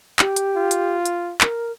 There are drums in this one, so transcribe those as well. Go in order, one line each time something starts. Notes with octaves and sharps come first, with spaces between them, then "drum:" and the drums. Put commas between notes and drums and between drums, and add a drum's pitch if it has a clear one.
G4, drum: clap
drum: hi-hat
F4
drum: hi-hat
drum: hi-hat
A#4, drum: clap